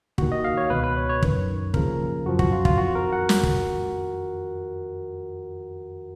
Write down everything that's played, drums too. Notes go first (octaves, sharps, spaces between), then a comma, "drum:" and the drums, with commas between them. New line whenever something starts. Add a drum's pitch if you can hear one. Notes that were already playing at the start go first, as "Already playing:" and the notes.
D#2 D#3 F#4, drum: kick
D#5
F5
C#5
C#2 B2 B4
B4
C#5
C#5
F#2 D#3, drum: kick
D#2 C#3 F3 A#4, drum: kick
F#2 F3 F#4
F#4, drum: kick
F4
F4, drum: kick
F2 D#3 F#4
A#4
F#5
drum: snare
drum: kick